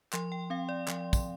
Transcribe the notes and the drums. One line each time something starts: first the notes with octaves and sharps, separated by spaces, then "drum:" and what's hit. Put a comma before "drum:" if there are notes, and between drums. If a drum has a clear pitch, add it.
F3 C6, drum: clap
G5
C4 F5
D5
F3 C6, drum: clap
drum: kick, tambourine